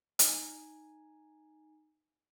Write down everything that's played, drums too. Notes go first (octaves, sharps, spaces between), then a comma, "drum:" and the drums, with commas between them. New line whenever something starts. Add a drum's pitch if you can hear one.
D#4 G#5, drum: hi-hat